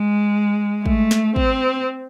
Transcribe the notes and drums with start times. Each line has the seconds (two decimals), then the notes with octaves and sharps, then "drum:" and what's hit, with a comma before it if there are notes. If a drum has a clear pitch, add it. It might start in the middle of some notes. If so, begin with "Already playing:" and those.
Already playing: G#3
0.86 A3, drum: kick
1.11 drum: snare
1.36 C4, drum: kick